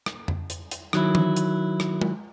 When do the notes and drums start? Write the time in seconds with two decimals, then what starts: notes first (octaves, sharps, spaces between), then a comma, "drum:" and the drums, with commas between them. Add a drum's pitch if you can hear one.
0.06 drum: rim click
0.28 drum: tom F2
0.50 drum: hi-hat
0.71 drum: hi-hat
0.93 D#3 F#3 E4, drum: rim click
1.15 drum: tom E3
1.36 drum: hi-hat
1.80 drum: rim click
2.01 drum: tom G#3